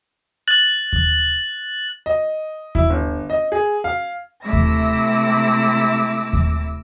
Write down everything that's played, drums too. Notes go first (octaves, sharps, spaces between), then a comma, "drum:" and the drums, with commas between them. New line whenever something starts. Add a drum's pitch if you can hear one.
F#6 A6 F#7
drum: kick D#2
D#5
E4, drum: kick D#2
G1
D#5
G#4
F5
C3 A3 E4 D6 E6 A#6
drum: kick D#2
drum: kick D#2